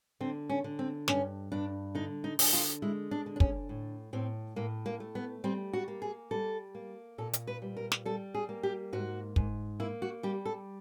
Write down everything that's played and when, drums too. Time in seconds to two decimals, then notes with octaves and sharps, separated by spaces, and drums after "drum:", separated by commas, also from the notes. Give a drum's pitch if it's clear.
0.20 D3 C4
0.50 C#4
0.64 D3
0.79 C4
1.08 G2 C#4, drum: snare
1.52 G2 D4
1.95 D3 D#4
2.24 D#4
2.39 D3, drum: open hi-hat
2.53 F4
2.82 G#3 E4
3.11 D4
3.26 D3
3.36 D4
3.40 C#4, drum: kick
3.69 A2
4.13 A2 C4
4.56 A2 A#3
4.86 A#3
5.00 A3
5.15 B3
5.44 G3 C4
5.73 F#4
5.88 A#3
6.02 G#4
6.31 G3 A4
6.75 A#3
7.18 A#2 A4
7.33 drum: hi-hat
7.47 B4
7.62 G3
7.77 A#4
7.92 drum: snare
8.05 G3 A4
8.34 G#4
8.49 A#3
8.63 G4
8.93 G#2 F#4
9.36 G#2, drum: kick
9.80 A#3 E4
10.02 F#4
10.23 G3 G4
10.46 A4